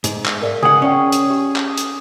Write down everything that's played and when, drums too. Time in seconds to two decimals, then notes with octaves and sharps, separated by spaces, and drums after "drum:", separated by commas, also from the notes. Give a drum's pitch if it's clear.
0.04 G#2, drum: hi-hat
0.26 drum: clap
0.42 A#4 D5 F5
0.63 C#2 G#4 F#5
0.82 C#4 D5 G5
1.12 drum: hi-hat
1.30 G4
1.56 drum: clap
1.78 drum: hi-hat